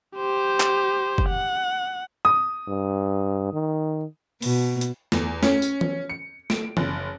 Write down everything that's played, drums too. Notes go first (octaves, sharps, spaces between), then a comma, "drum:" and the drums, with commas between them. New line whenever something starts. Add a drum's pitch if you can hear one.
G4 C5
drum: clap
drum: kick
F#5
D#6
G2
D#3
B2, drum: open hi-hat
drum: hi-hat
E2, drum: snare
C#4, drum: snare
drum: tambourine
drum: tom
C#7
D7, drum: snare
F#1, drum: tom